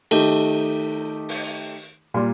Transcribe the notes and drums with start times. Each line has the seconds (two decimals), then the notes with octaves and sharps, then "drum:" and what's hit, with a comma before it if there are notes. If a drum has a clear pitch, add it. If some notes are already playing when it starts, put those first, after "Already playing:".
0.11 D#3 A3 D#4 G4, drum: cymbal
1.29 drum: open hi-hat
2.14 A#2 G3 A#3 F4